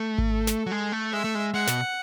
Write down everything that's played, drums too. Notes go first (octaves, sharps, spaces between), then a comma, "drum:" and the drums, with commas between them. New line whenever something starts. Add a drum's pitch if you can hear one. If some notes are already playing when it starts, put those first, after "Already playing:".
Already playing: A3
drum: kick G#1
A4
drum: snare
F#3
G#3
A3
G#3 E5
A3
G#3
G#3 F#5
B2, drum: snare